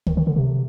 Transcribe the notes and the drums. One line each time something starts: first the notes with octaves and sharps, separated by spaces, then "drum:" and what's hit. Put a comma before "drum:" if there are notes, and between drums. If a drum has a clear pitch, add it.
D#3, drum: kick
D#3
D3
C3